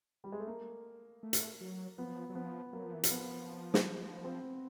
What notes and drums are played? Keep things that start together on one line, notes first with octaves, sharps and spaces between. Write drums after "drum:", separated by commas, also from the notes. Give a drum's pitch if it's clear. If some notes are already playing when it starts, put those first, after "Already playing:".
G3
G#3
A3
A#3
A3
drum: hi-hat
F#3
F3 B3
F#3
F3 B3
F#3 A#3
F3
E3
F3, drum: hi-hat
B3
drum: snare
C4